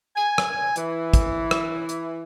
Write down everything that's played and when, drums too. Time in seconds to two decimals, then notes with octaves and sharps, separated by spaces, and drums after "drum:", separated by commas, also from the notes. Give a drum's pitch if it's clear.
0.15 G#5
0.38 drum: rim click
0.76 E3, drum: hi-hat
1.14 drum: kick, hi-hat
1.51 drum: rim click
1.89 drum: hi-hat